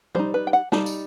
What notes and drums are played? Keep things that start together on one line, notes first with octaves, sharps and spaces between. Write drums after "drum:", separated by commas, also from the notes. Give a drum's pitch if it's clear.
G3 D#4 C5, drum: tom
B4
G5
F#5
G3 D#4 A5, drum: snare
drum: tambourine